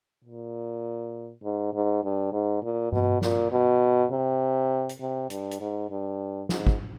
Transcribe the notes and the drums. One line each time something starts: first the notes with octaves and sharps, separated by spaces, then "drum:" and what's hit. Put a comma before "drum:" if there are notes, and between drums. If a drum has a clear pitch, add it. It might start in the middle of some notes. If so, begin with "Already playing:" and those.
A#2
G#2
G#2
G2
G#2
A#2
B2, drum: tom G2
A#2, drum: snare
B2
C3
drum: hi-hat
C3
G2, drum: hi-hat
drum: hi-hat
G#2
G2
G#2, drum: snare
drum: kick